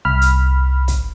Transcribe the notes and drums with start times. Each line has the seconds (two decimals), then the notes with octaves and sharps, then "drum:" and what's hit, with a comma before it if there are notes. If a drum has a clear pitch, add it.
0.05 C2 B5 F6
0.22 drum: hi-hat
0.88 drum: kick, hi-hat